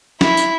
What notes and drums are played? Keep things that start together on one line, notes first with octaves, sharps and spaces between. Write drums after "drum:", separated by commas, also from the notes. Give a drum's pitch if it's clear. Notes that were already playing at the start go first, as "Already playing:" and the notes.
E4, drum: snare
drum: tambourine